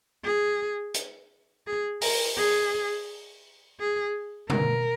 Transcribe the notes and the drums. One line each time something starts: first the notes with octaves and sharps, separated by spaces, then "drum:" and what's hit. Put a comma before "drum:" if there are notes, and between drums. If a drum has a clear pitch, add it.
G#4
drum: hi-hat
G#4
A#4, drum: open hi-hat
G#4
G#4
A#4, drum: tom